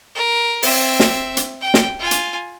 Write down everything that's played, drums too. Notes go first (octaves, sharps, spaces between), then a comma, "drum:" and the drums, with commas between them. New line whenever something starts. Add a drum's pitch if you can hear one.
A#4
C4 E5, drum: open hi-hat
drum: snare
drum: hi-hat
G5
drum: snare
F4 G#5
drum: hi-hat